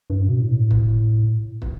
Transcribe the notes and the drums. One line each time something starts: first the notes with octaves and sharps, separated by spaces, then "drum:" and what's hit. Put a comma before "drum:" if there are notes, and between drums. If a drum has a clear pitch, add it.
G2
B2
A2
drum: kick
drum: kick